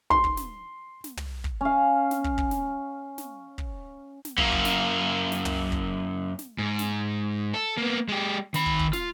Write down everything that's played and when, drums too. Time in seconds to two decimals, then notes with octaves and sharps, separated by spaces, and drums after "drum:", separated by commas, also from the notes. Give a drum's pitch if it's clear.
0.10 C6, drum: kick
0.24 drum: kick
0.37 drum: snare
1.04 drum: snare
1.17 drum: tom
1.44 drum: kick
1.61 C#4 F5
2.11 drum: snare
2.24 drum: kick
2.38 drum: kick
2.51 drum: snare
3.18 drum: snare
3.58 drum: kick
4.25 drum: snare
4.37 F#2 A#3, drum: kick
4.52 drum: kick
4.65 drum: snare
5.32 drum: snare
5.45 drum: tom
5.72 drum: kick
6.39 drum: snare
6.58 G#2
6.79 drum: snare
7.54 A4
7.77 A#3 B3
8.09 G#3 G4
8.54 D#3 B5, drum: snare
8.66 drum: kick
8.79 drum: kick
8.93 F4, drum: snare